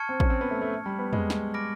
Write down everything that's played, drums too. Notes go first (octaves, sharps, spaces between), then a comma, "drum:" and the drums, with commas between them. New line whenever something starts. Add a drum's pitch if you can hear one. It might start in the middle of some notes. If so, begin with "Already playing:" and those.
Already playing: A5 C#6 F6 G#6 C#7
C4
C#4, drum: kick A1
C4
B3
A3
A3
G3
B3
G#3, drum: tom
drum: snare
B5 D6 F6 A#6 D7